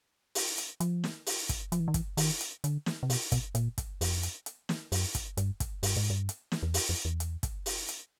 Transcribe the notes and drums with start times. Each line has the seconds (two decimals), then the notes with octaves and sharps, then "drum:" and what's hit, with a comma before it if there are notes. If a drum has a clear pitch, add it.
0.35 drum: open hi-hat
0.58 drum: hi-hat
0.80 F3, drum: hi-hat
1.04 drum: snare
1.26 drum: open hi-hat
1.49 drum: kick, hi-hat
1.72 F3, drum: hi-hat
1.80 E3
1.88 D#3
1.94 E3, drum: kick, hi-hat
2.17 D#3, drum: open hi-hat
2.41 drum: hi-hat
2.64 D3, drum: hi-hat
2.86 drum: snare
3.03 C3
3.10 B2, drum: open hi-hat
3.32 B2, drum: kick, hi-hat
3.55 A#2, drum: hi-hat
3.78 drum: kick, hi-hat
4.01 F2, drum: open hi-hat
4.23 drum: hi-hat
4.46 drum: hi-hat
4.69 drum: snare
4.92 F#2, drum: open hi-hat
5.15 drum: kick, hi-hat
5.37 G2, drum: hi-hat
5.60 drum: kick, hi-hat
5.83 G2, drum: open hi-hat
5.97 G#2
6.10 G2
6.29 drum: hi-hat
6.52 drum: snare
6.63 E2
6.74 F2, drum: open hi-hat
6.89 F2
7.05 E2
7.20 drum: hi-hat
7.43 drum: kick, hi-hat
7.66 drum: open hi-hat
7.89 drum: hi-hat